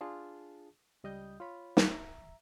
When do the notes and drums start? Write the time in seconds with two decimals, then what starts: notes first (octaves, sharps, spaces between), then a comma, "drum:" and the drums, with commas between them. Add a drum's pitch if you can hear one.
0.01 D4 F4 G#4 A5
1.04 C#2 G3 D#5 D#6 G6
1.40 F4 C#5 B5
1.77 drum: snare
1.90 E5 A#5